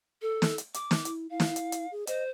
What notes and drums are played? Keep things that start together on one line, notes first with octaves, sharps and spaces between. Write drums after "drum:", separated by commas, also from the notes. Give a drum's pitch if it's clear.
A4
drum: snare
drum: hi-hat
D6, drum: hi-hat
drum: snare
E4, drum: hi-hat
E4 F5
drum: snare
drum: hi-hat
drum: hi-hat
G#4
C5 D#5, drum: hi-hat